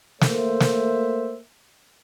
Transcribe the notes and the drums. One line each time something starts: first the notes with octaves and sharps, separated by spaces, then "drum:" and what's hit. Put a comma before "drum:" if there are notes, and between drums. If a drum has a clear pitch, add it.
A3 A#3 C5 E5, drum: snare
drum: snare